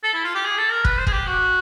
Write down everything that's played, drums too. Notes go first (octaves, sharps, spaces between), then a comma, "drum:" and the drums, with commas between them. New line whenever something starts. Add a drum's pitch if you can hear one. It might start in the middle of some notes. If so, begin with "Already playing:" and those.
A4
E4
F4
G4
G#4
A4
A#4
B4, drum: kick
C5
G#4, drum: kick
G4
F#4